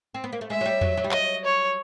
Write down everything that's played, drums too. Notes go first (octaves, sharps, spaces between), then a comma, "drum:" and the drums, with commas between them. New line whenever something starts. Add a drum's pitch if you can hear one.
C4
B3
A#3
A3
G#3 E5
F#3
G3
F#3, drum: tom E2
F#3
G3
F#3 D#5, drum: clap
C#5